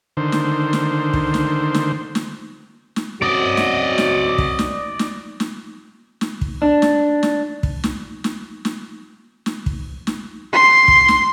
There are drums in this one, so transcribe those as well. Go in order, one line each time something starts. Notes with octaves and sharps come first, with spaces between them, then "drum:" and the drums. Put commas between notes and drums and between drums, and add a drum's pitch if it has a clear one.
D3 D#3 C5
drum: snare
drum: snare
drum: kick
drum: snare
drum: snare
drum: snare
drum: snare
F#2 C4 F#4 D5 D#5
drum: snare
drum: snare
drum: kick
drum: snare
drum: snare
drum: snare
drum: snare
drum: kick
D4
drum: snare
drum: snare
drum: kick
drum: snare
drum: snare
drum: snare
drum: snare
drum: kick
drum: snare
C6
drum: kick
drum: snare